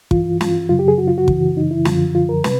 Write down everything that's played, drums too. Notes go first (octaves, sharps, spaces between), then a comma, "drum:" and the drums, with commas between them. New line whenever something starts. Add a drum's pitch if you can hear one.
G2 E3 F4, drum: kick
F4, drum: snare
F#2 C#3 F#3 F4
G4
G#4
F#4
F4
F#4
F#2 C#3 E3, drum: kick
D#4
E4
F#2 D3 F3 F4, drum: snare
F4
A#4
C3 B4, drum: snare